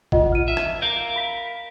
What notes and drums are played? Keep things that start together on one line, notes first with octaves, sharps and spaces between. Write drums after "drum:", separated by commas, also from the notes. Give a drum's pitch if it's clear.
F4 D#5 F#5, drum: kick
F6 D#7
E5
drum: rim click
A#4 F5 G6
B5 B6